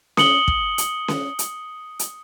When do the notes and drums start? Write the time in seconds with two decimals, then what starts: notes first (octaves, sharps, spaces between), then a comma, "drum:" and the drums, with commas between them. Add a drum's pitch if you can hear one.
0.17 D#6 C#7 F#7 G7, drum: snare C#4
0.48 drum: kick
0.78 drum: hi-hat
1.08 drum: snare C#4
1.39 drum: hi-hat
1.99 drum: hi-hat